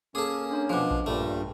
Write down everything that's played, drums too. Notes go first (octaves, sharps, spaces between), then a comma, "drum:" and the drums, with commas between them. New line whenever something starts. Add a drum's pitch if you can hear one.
A#3 C#4 G#4 A4 D6
D4 C#5 A#5
B2 F3 G#4 C5 D6
drum: kick A#1
G2 A#2 G3 A3